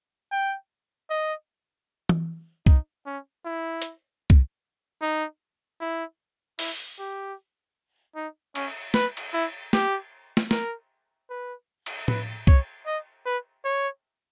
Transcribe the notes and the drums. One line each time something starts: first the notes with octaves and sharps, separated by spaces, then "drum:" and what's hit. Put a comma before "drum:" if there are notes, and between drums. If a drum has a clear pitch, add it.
G5
D#5
drum: tom E3
D#4, drum: kick C2
C#4
E4
drum: hi-hat
drum: kick C2
D#4
E4
E4, drum: open hi-hat
G4
D#4
C#4, drum: cymbal
B4, drum: snare
drum: cymbal
E4
G4, drum: snare
drum: snare
A#4, drum: snare
B4
drum: cymbal
B4, drum: tom A2
C#5, drum: kick C2
D#5
B4
C#5